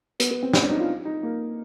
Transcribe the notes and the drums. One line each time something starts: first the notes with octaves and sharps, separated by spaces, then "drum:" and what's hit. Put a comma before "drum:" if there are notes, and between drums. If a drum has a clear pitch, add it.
B3, drum: hi-hat
B3
C4
C#4, drum: snare
D4
D#4
F4
D#4
A#3